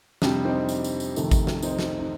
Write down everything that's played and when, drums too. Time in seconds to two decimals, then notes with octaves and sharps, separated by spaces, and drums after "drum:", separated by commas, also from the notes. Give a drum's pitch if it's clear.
0.22 F2 C3 G3 D4, drum: snare
0.45 C4 D#4
0.69 drum: tambourine
0.84 drum: tambourine
1.00 drum: tambourine
1.16 F2 C3 D#3 A3, drum: tambourine
1.31 drum: kick G#1, tambourine
1.47 drum: snare
1.62 C4 D#4, drum: tambourine
1.79 drum: snare
1.99 D#4